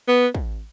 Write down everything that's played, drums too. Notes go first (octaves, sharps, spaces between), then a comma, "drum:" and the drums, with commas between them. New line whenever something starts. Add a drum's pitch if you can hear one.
B3
drum: kick